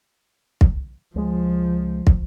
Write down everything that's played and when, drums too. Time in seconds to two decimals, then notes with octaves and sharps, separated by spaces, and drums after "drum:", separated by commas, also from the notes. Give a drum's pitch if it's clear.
0.61 drum: kick
1.16 C#2 F3 G#3
2.07 drum: kick